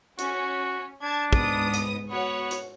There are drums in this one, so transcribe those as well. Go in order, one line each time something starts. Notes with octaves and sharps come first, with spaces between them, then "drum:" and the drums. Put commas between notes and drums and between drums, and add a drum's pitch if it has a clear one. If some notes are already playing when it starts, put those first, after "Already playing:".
C#4 F#4, drum: hi-hat
D4 A5 G#6
G#2 B3 D#6, drum: kick
drum: hi-hat
B3 F#4 C#5 F#5
drum: hi-hat